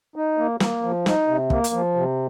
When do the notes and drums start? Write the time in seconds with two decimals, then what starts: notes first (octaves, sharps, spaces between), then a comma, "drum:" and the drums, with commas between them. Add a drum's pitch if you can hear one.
0.16 D#4
0.38 A#3
0.60 A#3, drum: snare
0.83 F3
1.06 D#4, drum: snare
1.28 C3
1.50 A#3, drum: kick
1.64 drum: hi-hat
1.73 F3
1.96 C3